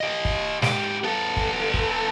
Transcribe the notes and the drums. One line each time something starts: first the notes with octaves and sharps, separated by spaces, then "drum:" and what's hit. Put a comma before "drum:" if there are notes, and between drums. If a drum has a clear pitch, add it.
G4 D#5
drum: kick
G#2 G4, drum: snare
B3 A4
drum: kick
drum: kick